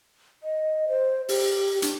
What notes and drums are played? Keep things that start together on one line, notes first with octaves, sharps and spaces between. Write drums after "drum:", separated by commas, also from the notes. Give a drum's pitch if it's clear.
D#5
C5
G4, drum: open hi-hat
D4, drum: hi-hat